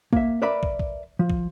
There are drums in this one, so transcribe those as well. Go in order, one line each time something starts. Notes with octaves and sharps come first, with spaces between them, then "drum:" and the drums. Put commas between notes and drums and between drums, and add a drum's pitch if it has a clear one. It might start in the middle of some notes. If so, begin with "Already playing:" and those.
A#3 E5, drum: kick
A#4 B4 D5 E5 B5
drum: kick
drum: kick
F3
drum: kick